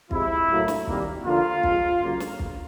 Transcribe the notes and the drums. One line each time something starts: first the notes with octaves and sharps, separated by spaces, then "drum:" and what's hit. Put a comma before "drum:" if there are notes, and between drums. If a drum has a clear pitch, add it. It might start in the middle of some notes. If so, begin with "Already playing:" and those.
C3 F3 G#3 E4, drum: kick
A2 F#3 A#3
drum: snare
C3 D#3 G3 A#3, drum: kick
D3 F3 A#3 F4
C3 F3 G#3, drum: kick
C#3 F#3 A#3
drum: snare
drum: kick